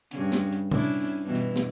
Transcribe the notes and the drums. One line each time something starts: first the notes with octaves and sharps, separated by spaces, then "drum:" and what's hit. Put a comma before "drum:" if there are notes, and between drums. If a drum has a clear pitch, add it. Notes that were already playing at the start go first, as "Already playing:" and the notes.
G2 C#3, drum: hi-hat
drum: snare
drum: hi-hat
C#4 D4 E4, drum: tom C3
drum: open hi-hat
G2 B2 E3
drum: hi-hat
drum: snare